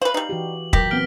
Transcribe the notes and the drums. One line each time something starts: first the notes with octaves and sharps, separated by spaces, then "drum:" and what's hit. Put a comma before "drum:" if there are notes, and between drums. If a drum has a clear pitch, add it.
B4 C5 F5 F#7
G3 D#4
E3 F#4 G4
A#2 F#3 G4 A#4 A#6 B6, drum: kick
E3 B3 C4 F6 D7 G7